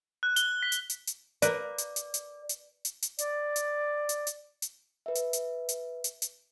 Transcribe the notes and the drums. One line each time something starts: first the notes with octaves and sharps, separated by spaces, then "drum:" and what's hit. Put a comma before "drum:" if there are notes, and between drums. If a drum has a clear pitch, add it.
F#6
G7, drum: hi-hat
B6
drum: hi-hat
drum: hi-hat
drum: hi-hat
A#4 B4 D5 F5, drum: hi-hat
drum: hi-hat
drum: hi-hat
drum: hi-hat
drum: hi-hat
drum: hi-hat
drum: hi-hat
D5, drum: hi-hat
drum: hi-hat
drum: hi-hat
drum: hi-hat
drum: hi-hat
B4 E5
drum: hi-hat
drum: hi-hat
drum: hi-hat
drum: hi-hat
drum: hi-hat